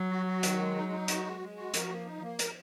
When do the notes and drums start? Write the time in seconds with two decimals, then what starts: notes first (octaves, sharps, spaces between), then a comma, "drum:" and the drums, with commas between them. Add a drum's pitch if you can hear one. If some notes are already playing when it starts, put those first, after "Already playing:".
Already playing: F#3
0.10 F#4
0.27 F#4
0.43 D#3, drum: hi-hat
0.59 G#3
0.76 D#4
0.92 D#4
1.08 F#4, drum: hi-hat
1.25 G#3
1.41 G#3
1.57 F#4
1.74 F3 A#4, drum: hi-hat
1.90 A#3
2.06 D#4
2.23 A#3
2.39 A#4, drum: hi-hat